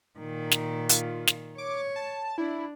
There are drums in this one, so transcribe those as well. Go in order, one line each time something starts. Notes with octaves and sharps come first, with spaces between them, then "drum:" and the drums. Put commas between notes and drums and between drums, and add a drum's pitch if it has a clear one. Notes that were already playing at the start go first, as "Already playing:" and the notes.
A#2 D#3
drum: snare
F4, drum: hi-hat
drum: snare
C#5 D6
A5
D4 E4